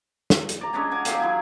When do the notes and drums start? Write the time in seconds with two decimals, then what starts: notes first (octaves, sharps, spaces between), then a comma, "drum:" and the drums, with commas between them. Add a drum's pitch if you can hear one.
0.30 drum: snare
0.49 drum: hi-hat
0.61 D5 A#5
0.73 G#3 C#4 D4 G#5
0.91 F#5 G#5 D6
1.05 F#3 G4 G#4 F5, drum: hi-hat
1.20 F#3 E4 G#4 G#5